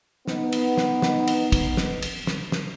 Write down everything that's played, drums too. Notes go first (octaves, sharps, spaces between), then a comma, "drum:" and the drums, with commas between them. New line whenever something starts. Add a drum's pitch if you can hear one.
B3 D#4, drum: snare
drum: cymbal
drum: snare
drum: snare
drum: cymbal
drum: kick, cymbal
drum: snare
drum: cymbal
drum: snare
drum: snare